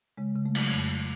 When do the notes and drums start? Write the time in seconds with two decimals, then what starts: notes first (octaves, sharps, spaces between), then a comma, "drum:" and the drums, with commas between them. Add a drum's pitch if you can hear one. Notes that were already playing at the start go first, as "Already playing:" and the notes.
0.18 C#3 G#3
0.36 C#3
0.45 A3
0.55 F#3, drum: cymbal
0.72 F2